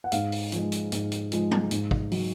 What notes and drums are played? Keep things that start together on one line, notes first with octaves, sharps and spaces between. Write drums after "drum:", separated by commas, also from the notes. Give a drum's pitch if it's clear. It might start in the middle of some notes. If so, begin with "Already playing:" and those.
F#5
G#2 F5, drum: hi-hat
drum: open hi-hat
F3 G#3, drum: hi-hat
drum: hi-hat
G#2, drum: hi-hat
drum: hi-hat
F3 G#3, drum: hi-hat
drum: tom F#3
G#2, drum: hi-hat
drum: kick
F#3, drum: open hi-hat